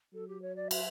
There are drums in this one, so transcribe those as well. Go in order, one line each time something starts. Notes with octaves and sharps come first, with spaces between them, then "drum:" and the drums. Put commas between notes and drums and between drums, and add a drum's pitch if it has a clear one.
F#3 A4
G4
C#5
D5
E5, drum: cymbal